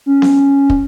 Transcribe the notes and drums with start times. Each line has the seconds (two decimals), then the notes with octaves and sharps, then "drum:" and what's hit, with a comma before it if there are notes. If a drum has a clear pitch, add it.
0.06 C#4
0.22 drum: snare B3
0.70 drum: kick